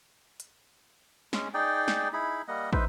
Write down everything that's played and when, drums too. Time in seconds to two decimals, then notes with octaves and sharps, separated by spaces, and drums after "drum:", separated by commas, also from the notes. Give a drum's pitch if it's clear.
0.40 drum: hi-hat
1.33 G#3 C#4, drum: snare
1.54 D#4 G#4 D5 G5
1.88 drum: snare
2.13 D#4 E4 G#4 B5
2.48 G3 A#3 D#5 F#5
2.73 D#4 B4 C5 E5, drum: kick